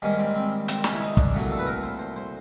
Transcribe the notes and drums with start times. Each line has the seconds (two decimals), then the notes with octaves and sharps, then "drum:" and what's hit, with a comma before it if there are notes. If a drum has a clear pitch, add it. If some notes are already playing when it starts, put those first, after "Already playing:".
0.02 G#2 D#3 G3 A#3 C#4
0.19 C4
0.35 C4
0.68 C4, drum: hi-hat
0.84 C#4, drum: snare
0.93 E4
1.01 D#4
1.17 D4, drum: kick
1.34 C2 A#2 F#3 A3
1.51 A4
1.59 B4
1.66 A#4
1.83 C5
1.99 C5
2.16 C5